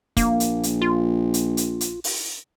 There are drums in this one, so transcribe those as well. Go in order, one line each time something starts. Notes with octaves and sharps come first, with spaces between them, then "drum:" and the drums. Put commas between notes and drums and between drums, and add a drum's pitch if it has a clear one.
A#1 A#3, drum: kick, hi-hat
drum: hi-hat
drum: hi-hat
F4
drum: hi-hat
drum: hi-hat
drum: hi-hat
drum: open hi-hat